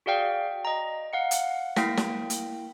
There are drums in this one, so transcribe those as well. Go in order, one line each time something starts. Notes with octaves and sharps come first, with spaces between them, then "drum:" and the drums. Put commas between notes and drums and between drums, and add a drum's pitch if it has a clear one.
F#4 G#4 D5 F5 G5
D#5 A#5
F5 F#5 C#7
drum: hi-hat
A#3 E4 G5 A#6 B6, drum: snare
drum: snare
drum: hi-hat